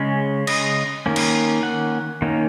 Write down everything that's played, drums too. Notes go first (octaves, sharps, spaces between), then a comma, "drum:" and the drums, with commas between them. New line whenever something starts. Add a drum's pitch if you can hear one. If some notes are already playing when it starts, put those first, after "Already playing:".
Already playing: C#3 G#3 C#4
D#5, drum: cymbal
D#3 A#3 C#4
drum: cymbal
F#5
D#3 A#3 C#4